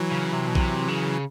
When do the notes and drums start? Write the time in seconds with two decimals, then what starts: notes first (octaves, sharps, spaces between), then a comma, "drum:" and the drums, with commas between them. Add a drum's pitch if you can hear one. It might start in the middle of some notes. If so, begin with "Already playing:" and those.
Already playing: E3 F#3
0.11 C#3
0.33 C3
0.48 B2
0.55 C3, drum: kick A#1
0.88 C#3